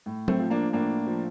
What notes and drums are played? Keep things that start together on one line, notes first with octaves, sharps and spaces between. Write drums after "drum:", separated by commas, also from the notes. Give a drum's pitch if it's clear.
A2
A3 C4, drum: tom F#3
F3
A#3 D4
A2 A#3 D4
F3